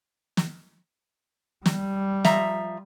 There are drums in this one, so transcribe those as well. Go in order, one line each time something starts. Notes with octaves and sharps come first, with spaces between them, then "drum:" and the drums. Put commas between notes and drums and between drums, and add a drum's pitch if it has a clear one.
drum: snare
G3, drum: snare
F3 E5 A#5, drum: snare